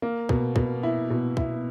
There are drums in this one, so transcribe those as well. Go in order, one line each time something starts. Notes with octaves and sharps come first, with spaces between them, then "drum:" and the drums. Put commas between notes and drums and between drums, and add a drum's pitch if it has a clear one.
A#3
B2, drum: kick
B2, drum: kick
E4
B2
E4, drum: kick